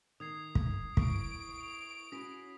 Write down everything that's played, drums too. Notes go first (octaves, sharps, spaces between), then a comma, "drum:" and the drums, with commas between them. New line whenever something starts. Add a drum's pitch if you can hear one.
D#3 D#6 G#6 C7
drum: kick
E4 C#6 D7, drum: kick
F7
C#4 F#4 B4 D#6 A#6 B6